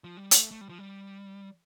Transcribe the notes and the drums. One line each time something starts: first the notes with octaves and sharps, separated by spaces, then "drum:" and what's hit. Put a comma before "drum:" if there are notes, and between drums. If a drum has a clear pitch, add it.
F3
G3
A3, drum: hi-hat
A3
G3
F3
G3